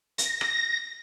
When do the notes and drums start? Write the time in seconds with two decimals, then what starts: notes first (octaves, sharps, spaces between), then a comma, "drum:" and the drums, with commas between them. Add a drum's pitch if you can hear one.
0.18 A#6, drum: hi-hat
0.41 drum: rim click